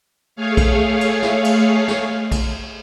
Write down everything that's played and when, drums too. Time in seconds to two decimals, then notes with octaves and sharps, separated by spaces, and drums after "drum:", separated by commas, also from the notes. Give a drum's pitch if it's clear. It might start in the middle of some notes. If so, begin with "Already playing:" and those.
0.36 A3 G#4 C#5 F5
0.57 drum: kick A#1, cymbal
1.01 drum: cymbal
1.23 drum: snare
1.44 drum: cymbal
1.88 drum: snare
2.32 drum: kick A#1, cymbal